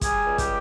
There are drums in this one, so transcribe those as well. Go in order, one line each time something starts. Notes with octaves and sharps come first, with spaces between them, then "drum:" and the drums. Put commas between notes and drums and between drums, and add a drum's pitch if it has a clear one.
G3 G#4 G#5, drum: kick, hi-hat
C#2
G4 G5, drum: kick, hi-hat